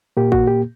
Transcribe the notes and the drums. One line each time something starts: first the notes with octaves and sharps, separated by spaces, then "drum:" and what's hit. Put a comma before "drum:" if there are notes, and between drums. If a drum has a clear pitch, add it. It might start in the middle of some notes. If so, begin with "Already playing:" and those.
A#2 A#3 G4
F#4, drum: kick A1
G4